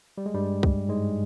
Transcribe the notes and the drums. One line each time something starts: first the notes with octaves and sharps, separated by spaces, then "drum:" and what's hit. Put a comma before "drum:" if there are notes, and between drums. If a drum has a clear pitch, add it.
G3
G#3
G2 G3
drum: kick C2
G#2 G#3